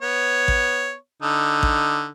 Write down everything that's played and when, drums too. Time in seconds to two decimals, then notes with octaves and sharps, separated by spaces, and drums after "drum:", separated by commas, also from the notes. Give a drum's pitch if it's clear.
0.02 B3 C#5
0.48 drum: kick A1
1.22 D3 D#4
1.63 drum: kick A1